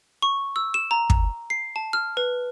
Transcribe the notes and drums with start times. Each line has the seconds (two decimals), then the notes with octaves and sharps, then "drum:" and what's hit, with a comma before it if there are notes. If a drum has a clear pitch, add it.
0.22 C#6
0.56 E6
0.74 E7
0.91 A#5
1.10 drum: kick
1.50 C7
1.76 A5
1.93 F6
2.17 B4